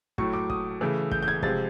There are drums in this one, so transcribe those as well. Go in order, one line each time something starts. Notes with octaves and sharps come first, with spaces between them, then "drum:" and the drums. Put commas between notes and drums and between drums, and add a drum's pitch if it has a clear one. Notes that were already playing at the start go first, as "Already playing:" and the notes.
A2 F#3 A3 C#6, drum: kick
D6
D#6, drum: kick
C#3 E3 A3
G6, drum: kick
G6
G#6
C3 F3 G#3 A6, drum: kick